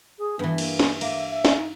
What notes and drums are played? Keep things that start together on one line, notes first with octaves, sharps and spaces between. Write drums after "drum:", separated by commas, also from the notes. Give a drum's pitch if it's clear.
G#4
G2 E3 B3
A#3, drum: cymbal
drum: snare
A#3 E5, drum: cymbal
E5
drum: snare
D#4